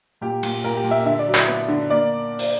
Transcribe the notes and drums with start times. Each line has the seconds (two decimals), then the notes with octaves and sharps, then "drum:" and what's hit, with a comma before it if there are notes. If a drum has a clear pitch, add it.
0.21 A#2 G4
0.43 A#2, drum: cymbal
0.64 A#2 A#4
0.77 G4
0.84 A#2
0.91 E5
1.05 D3 E5
1.19 D5
1.27 F#3
1.34 E4, drum: clap
1.48 B3
1.68 D3
1.90 A#3 D5
2.39 drum: open hi-hat